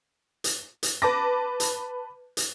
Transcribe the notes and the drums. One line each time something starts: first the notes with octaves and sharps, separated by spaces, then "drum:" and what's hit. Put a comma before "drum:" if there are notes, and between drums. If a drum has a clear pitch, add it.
drum: hi-hat
drum: hi-hat
B4 A5 D6 A#6
drum: hi-hat
drum: hi-hat